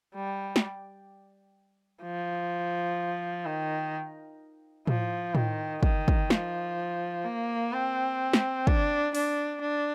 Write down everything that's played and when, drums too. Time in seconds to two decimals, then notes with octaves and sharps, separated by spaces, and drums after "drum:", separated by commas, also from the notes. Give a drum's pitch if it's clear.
0.14 G3
0.56 drum: snare
2.03 F3
3.45 D#3
4.87 F3, drum: tom A2
5.35 D#3, drum: tom A2
5.83 D#3, drum: kick
6.08 drum: kick
6.30 F3, drum: snare
7.25 A#3
7.72 C4
8.33 drum: snare
8.67 D4, drum: kick
9.15 D4, drum: open hi-hat
9.61 D4